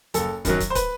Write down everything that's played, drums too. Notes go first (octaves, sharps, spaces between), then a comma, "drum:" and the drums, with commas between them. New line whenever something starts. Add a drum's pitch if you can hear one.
F#1 A4, drum: hi-hat
F#2 D#3 F#3, drum: kick, hi-hat
drum: kick, hi-hat
C5
B4, drum: kick, hi-hat